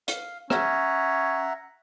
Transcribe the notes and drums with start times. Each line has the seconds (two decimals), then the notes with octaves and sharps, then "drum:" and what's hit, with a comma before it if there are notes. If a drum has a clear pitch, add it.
0.08 F5, drum: hi-hat
0.50 C#4 E5 F#5 A#5, drum: rim click